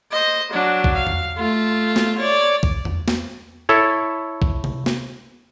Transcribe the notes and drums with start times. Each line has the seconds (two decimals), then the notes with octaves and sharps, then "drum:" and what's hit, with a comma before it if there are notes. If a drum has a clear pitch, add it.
0.12 C5 D#5
0.52 F#3 D4
0.84 drum: kick A#1
0.95 F5
1.07 drum: tom E2
1.38 A3 F4
1.96 drum: snare
2.18 C#5 D5
2.63 drum: kick A#1
2.85 drum: tom E2
3.08 drum: snare
3.69 E4 A4 C#5
4.42 drum: kick A#1
4.64 drum: tom C3
4.86 drum: snare